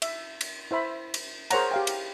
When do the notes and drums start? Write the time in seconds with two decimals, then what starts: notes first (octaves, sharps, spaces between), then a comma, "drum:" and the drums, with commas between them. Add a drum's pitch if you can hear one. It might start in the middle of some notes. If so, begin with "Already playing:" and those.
0.02 E5, drum: cymbal
0.41 drum: cymbal
0.71 E4 C5 E5 B5
1.14 drum: cymbal
1.51 G#4 A#4 C5 C#5 F#5 A#5, drum: cymbal
1.71 G4 F5 G5
1.87 drum: cymbal